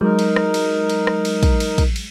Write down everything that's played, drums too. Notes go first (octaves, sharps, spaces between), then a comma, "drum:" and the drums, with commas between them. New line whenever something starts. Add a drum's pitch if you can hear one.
F#3 G#3 D#4 A#4
drum: cymbal
drum: rim click
drum: cymbal
drum: cymbal
drum: rim click
drum: cymbal
drum: kick, cymbal
drum: cymbal
drum: kick, cymbal
drum: cymbal